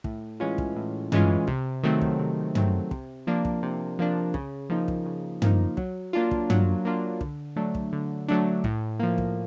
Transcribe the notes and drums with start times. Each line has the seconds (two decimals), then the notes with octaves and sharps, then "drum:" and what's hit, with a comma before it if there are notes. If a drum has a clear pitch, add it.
0.04 A2, drum: kick
0.40 E3 G#3 C#4 F4
0.58 drum: kick
0.76 A2
1.12 E3 G#3 C#4 F4, drum: tom
1.47 C3, drum: kick
1.83 D#3 F#3 A3 C4
2.01 drum: kick
2.19 C3
2.55 D#3 F#3 A3 C4, drum: tom
2.91 C3, drum: kick
3.27 F3 A#3 D4
3.45 drum: kick
3.63 C3
3.99 F3 A#3 D4
4.34 C#3, drum: kick
4.70 F3 A#3 D#4
4.88 drum: kick
5.06 C#3
5.42 F3 A#3 D#4, drum: tom
5.77 F#3, drum: kick
6.13 A#3 D4 F4
6.31 drum: kick
6.50 F#3, drum: tom
6.85 A#3 D4 F4
7.21 D3, drum: kick
7.56 F#3 A3 D4
7.75 drum: kick
7.93 D3
8.28 F#3 A3 D4
8.64 A2, drum: kick
9.00 F3 A#3
9.18 drum: kick